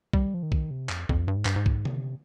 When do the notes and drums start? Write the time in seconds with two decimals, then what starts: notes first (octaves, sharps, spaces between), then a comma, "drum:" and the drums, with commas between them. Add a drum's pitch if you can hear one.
0.13 G3, drum: kick B1
0.34 F3
0.43 D#3
0.52 drum: kick B1
0.71 C3
0.89 F2, drum: clap
1.09 F2, drum: kick B1
1.28 G2
1.37 G#2
1.45 G2, drum: clap
1.56 G#2
1.66 drum: kick B1
1.85 C3, drum: tom D3